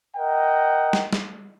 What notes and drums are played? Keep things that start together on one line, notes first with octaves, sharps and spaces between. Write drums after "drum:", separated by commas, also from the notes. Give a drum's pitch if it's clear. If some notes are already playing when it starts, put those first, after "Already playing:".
A#4 D#5 F#5 G5
drum: snare
drum: snare